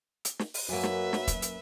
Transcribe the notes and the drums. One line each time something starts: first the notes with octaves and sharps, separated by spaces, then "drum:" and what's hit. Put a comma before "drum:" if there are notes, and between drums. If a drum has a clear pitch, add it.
drum: hi-hat
drum: snare
drum: open hi-hat
F#2 F#3 A#3 B4 E5
drum: snare
drum: snare
drum: kick, hi-hat
drum: hi-hat